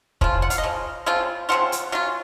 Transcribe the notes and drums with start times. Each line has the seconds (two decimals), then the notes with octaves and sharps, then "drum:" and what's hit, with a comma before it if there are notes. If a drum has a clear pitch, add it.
0.21 C#3 F3 F4, drum: kick
0.42 F#5
0.50 F5, drum: hi-hat
0.58 D#5
0.63 C#3 F3
1.06 C#3 F3 C4 F4
1.49 C#3 F3 C4 F4 F#5
1.72 drum: hi-hat
1.92 F#3 C#4 F4